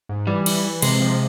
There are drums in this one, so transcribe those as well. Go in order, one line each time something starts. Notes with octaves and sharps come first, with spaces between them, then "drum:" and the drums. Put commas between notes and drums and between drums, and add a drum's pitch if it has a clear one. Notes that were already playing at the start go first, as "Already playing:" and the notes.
G#2
E3 G3
E3, drum: cymbal
E3
C3 G#3, drum: cymbal
F3